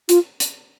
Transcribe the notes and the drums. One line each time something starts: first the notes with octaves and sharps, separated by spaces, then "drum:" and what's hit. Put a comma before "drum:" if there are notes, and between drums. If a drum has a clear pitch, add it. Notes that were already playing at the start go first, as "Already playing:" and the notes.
F4, drum: hi-hat
drum: hi-hat